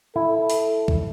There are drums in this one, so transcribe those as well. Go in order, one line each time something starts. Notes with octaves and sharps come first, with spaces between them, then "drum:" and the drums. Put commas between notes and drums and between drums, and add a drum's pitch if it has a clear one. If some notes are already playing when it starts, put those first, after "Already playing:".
E4 A4
drum: open hi-hat
drum: kick